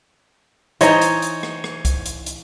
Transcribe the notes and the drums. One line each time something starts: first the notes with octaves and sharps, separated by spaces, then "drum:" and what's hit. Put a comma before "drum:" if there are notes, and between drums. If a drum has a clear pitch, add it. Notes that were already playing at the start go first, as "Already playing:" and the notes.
E3 D#4 C5 C#5 D#5, drum: hi-hat
drum: hi-hat
drum: hi-hat
drum: rim click
drum: rim click
drum: kick C2, hi-hat
drum: hi-hat
drum: hi-hat